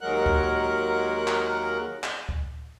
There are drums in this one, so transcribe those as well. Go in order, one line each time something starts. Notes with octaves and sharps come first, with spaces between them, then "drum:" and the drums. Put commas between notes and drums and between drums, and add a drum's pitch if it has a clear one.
D#2 F#3 G#3 A#4 F#5 F#6
drum: kick D2
drum: clap
drum: clap
drum: kick D2